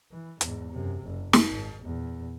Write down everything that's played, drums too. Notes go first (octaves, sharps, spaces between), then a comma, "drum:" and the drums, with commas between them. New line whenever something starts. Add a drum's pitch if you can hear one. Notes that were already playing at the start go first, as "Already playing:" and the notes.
E3
E2 G#2, drum: hi-hat
F#2 C3
F#1
drum: snare
G#1
E2 A#2